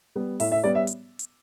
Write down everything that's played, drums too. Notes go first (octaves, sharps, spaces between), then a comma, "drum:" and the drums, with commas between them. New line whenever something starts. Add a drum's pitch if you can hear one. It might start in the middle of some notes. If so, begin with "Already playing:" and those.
G3 B3
A2 E5, drum: open hi-hat
E5
G3 B3 D5
E5
drum: hi-hat
drum: hi-hat